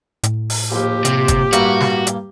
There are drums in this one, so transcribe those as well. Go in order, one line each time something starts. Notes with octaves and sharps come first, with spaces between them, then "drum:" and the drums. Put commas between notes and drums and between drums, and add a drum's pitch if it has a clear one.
A2, drum: hi-hat
drum: open hi-hat
A#1 D#2 G4
C3, drum: hi-hat
drum: kick, hi-hat
G2 A#3 E4 F#4, drum: hi-hat
drum: snare
drum: hi-hat